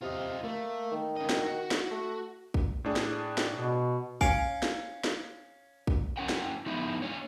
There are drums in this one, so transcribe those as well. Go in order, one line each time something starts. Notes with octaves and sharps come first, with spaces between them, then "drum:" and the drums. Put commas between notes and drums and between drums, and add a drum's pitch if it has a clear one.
C3 F4 D#5
A3 A#3
D#3
C#3 D#5
drum: snare
F#4
drum: snare
A3
drum: kick A#1
A2 D4 G#4
drum: snare
drum: snare
B2
C#4 F5 G#5, drum: kick A#1
drum: snare
drum: snare
drum: kick A#1
C#4 E4 A#4 F#5 G5
drum: snare
F3 G#3 B3 D#4 E4
A#3 D4 C#5